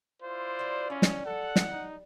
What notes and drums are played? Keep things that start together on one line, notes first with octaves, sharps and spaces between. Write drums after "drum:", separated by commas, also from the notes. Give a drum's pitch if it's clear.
E4 F4 C5 D5
F#3 G3
G3 C#4
drum: snare
A4 F#5
drum: snare
D#4